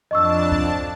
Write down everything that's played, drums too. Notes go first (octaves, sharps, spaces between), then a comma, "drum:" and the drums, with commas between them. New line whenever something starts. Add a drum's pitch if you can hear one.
F2 D4 D#5 A5 C#6 E6
drum: kick C#2